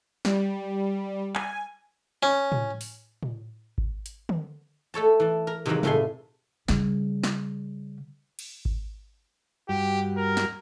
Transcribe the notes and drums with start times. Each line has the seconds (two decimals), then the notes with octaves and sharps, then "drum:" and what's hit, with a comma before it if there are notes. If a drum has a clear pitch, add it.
0.25 G3, drum: snare
1.35 G#5, drum: clap
2.23 C#4
2.52 drum: tom A2
2.81 drum: open hi-hat
3.23 drum: tom A2
3.78 drum: kick G#1
4.06 drum: hi-hat
4.29 drum: tom
4.94 A3 A4 C#5 A5
5.20 E3 A5
5.47 A#4
5.66 C3 D#3 E3 F#3 G#3 A#3
5.83 F2 A2 A3 E5 G#5 C6, drum: tom
6.68 C#3 G3, drum: snare
7.24 drum: snare
8.39 drum: cymbal
8.65 drum: kick G#1
9.69 G2 G3 F#4 G4
10.17 A#4
10.37 drum: snare